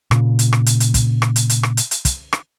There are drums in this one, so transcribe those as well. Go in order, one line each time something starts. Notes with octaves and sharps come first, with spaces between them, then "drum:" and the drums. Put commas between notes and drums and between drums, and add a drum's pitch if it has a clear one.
A#2 C#3, drum: rim click
drum: hi-hat
drum: rim click
drum: hi-hat
drum: hi-hat
drum: kick, hi-hat
drum: rim click
drum: hi-hat
drum: hi-hat
drum: rim click
drum: hi-hat
drum: hi-hat
drum: kick, hi-hat
drum: rim click